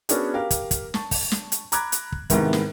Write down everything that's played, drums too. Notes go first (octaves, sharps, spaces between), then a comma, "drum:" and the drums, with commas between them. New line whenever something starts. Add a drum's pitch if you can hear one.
B3 C#4 D4 F#4 G#4, drum: hi-hat
G4 A#4 F5
drum: kick, hi-hat
drum: kick, hi-hat
A5 C#6, drum: snare
drum: kick, open hi-hat
drum: snare
drum: hi-hat
A#5 B5 D6 F#6 G#6, drum: hi-hat
drum: hi-hat
drum: kick
G#2 C3 D#3 B3 E4, drum: kick, hi-hat
drum: snare